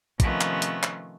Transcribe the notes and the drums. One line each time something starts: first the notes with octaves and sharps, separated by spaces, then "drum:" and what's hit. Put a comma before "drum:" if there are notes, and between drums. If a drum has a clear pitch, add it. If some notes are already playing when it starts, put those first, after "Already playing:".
C3 D#3 F3 A3 B3 C#4, drum: kick, hi-hat
drum: clap
drum: hi-hat
drum: clap